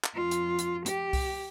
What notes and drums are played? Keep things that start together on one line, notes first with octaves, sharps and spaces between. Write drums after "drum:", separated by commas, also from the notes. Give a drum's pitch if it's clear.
drum: clap
F2 F4
drum: hi-hat
drum: hi-hat
G4, drum: hi-hat
drum: kick C2, open hi-hat